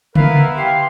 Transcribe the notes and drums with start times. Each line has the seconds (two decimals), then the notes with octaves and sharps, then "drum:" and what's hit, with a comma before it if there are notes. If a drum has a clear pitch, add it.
0.15 B3 E4 A#4 B4 F5, drum: tom C#3
0.57 G4 F5 C6